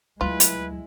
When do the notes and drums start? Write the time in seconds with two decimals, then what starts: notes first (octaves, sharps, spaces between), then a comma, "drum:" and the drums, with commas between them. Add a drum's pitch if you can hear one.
0.21 D2 F#3 G#3 E4 F4 B4
0.40 drum: hi-hat